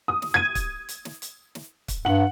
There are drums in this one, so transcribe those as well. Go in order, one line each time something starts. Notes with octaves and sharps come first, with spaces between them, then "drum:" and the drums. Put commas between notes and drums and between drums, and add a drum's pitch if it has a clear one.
D#6
drum: snare
G#6 D#7
drum: kick, hi-hat
drum: hi-hat
drum: snare
drum: hi-hat
drum: snare
drum: kick, hi-hat
G2 F#5 F#7